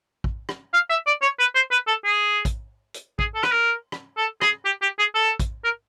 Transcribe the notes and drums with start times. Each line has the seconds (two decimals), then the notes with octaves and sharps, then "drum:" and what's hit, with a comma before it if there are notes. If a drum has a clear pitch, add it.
0.24 drum: kick
0.49 drum: rim click
0.74 F5
0.90 E5
1.07 D5
1.22 C#5
1.39 B4
1.55 C5
1.71 B4
1.87 A4
2.05 G#4
2.45 drum: kick, hi-hat
2.94 drum: hi-hat
3.19 G#4, drum: kick
3.35 A4
3.43 B4, drum: rim click
3.52 A#4
3.92 drum: rim click
4.17 A4
4.42 G#4, drum: rim click
4.66 G4
4.82 G4
4.99 G#4
5.15 A4
5.40 drum: kick, hi-hat
5.64 A#4